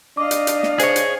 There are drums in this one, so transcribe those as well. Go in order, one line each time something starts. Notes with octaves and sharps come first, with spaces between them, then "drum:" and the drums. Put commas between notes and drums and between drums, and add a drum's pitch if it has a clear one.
D4 D#5 F5 D6
drum: hi-hat
drum: hi-hat
drum: snare
G#4 C5 C#5, drum: hi-hat
drum: hi-hat